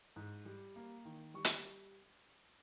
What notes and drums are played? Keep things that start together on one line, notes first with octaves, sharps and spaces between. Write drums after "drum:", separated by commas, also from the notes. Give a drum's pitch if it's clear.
G#2
G3
A#3
D#3
G3 C#6
drum: hi-hat